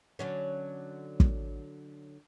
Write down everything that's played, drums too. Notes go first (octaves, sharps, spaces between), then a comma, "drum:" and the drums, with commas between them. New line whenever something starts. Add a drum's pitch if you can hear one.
D3 F#3 C#4
drum: kick